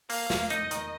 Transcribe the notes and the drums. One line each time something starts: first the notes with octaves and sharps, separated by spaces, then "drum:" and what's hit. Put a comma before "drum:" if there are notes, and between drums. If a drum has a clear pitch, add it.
A#3 F5, drum: open hi-hat
A#3, drum: snare
D#4 D#5, drum: hi-hat
D#3, drum: hi-hat